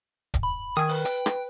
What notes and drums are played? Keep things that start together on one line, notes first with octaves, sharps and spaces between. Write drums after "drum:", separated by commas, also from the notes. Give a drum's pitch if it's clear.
drum: kick, hi-hat
B5
D#3 G#5 D#6
B4, drum: open hi-hat
G5, drum: hi-hat
drum: rim click